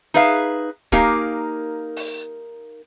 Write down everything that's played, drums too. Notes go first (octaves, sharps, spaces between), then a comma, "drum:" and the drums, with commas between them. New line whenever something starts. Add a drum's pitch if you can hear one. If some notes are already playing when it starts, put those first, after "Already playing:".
D#4 G#4 B4 E5 F5
A#3 D#4 G4 A#4 F5 G#5, drum: kick
drum: open hi-hat